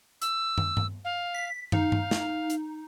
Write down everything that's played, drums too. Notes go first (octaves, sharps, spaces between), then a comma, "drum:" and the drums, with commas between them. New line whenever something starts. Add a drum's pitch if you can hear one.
E6, drum: hi-hat
drum: tom
drum: tom G2
F5
B6
D#4 F5, drum: tom
drum: tom G2
drum: snare
drum: hi-hat